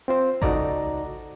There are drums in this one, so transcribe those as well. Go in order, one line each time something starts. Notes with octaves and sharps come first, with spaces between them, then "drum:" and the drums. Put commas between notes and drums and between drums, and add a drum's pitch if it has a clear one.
C4 F4 C5
C#2 D#4 F#4 A4 D5 A#5, drum: kick A1